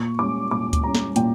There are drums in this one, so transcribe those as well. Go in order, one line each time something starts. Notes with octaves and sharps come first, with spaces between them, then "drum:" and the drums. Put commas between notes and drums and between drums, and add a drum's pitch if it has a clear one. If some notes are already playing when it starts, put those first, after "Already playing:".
Already playing: A#2 C#6
G3 C#4 D6
A#2 D6
drum: kick D2, hi-hat
G3 C#4 A#5
drum: snare
A#2 G5, drum: hi-hat